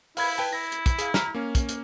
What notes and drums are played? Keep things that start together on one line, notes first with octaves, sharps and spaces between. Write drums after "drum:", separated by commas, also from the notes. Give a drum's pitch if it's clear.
E4 F5 B5 G#6, drum: open hi-hat
B4 G5 A5
E4 A#6
drum: hi-hat
drum: kick, hi-hat
G#4 F5, drum: hi-hat
A#5 F6, drum: snare
A#3 C#4
drum: kick, hi-hat
drum: hi-hat